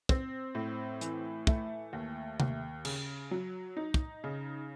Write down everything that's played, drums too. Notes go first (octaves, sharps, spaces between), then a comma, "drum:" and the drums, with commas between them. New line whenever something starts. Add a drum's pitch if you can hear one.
C4, drum: kick
A2
E3, drum: hi-hat
A3, drum: kick
D#2
D#2, drum: tom C3
C#3, drum: cymbal
F#3
D#4
drum: kick
C#3